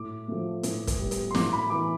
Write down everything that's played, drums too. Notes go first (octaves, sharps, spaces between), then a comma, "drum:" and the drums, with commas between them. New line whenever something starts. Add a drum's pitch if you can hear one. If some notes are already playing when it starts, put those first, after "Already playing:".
Already playing: A2 D6
F3 A3
A2, drum: hi-hat
drum: kick, hi-hat
G3 B3
drum: hi-hat
C6
A2 D6, drum: snare
B5
E3 B3 D6